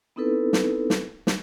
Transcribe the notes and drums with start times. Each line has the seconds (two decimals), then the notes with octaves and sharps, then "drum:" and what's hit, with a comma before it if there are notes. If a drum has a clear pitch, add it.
0.16 B3 C4 D#4 E4 A4 B4
0.53 drum: snare
0.90 drum: snare
1.27 drum: snare